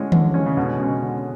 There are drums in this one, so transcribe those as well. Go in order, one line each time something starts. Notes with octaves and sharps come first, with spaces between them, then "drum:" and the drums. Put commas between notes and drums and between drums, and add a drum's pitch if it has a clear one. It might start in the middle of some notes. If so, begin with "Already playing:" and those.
Already playing: A2 D3 G#3 C#4
D3, drum: tom D#3
G#3 C#4
C#3
B2 D3
G#3 C#4
D3